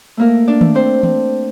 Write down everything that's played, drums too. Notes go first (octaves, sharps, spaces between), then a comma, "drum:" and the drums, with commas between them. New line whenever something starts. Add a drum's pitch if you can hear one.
A3 A#3 A#4
D4 D5
A3, drum: tom D#3
C4 C5
C4, drum: tom E3